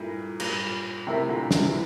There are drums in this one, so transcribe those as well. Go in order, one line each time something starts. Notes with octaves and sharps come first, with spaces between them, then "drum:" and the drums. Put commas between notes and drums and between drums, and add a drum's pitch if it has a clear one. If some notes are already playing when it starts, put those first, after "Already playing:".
Already playing: G2 A#2 E4 A4
G2 A#2, drum: cymbal
A2 C3 A#4 E5 G5
A#2 D3
C3 E3, drum: snare
E3